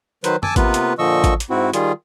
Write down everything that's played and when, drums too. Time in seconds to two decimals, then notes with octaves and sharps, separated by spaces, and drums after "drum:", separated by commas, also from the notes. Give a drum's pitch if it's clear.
0.24 D#3 F#3 B4 C5, drum: hi-hat
0.43 G#5 A5 D6 E6, drum: tom F#2
0.56 C3 A#3 B3 F4 B4, drum: kick A1, hi-hat
0.74 drum: hi-hat
0.99 A#2 D3 F3 D#5 C#6 E6
1.24 drum: kick A1, hi-hat
1.40 drum: hi-hat
1.50 G#2 C4 E4 F#4
1.74 D#3 G3 F4 G#4, drum: hi-hat